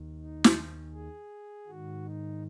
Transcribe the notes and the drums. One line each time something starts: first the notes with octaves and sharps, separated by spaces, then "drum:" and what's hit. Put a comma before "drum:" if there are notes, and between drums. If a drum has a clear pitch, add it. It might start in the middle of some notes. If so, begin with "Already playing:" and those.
Already playing: D#2 D#3
D#4
drum: snare
G#4
G#2 D#3 F#4
D#4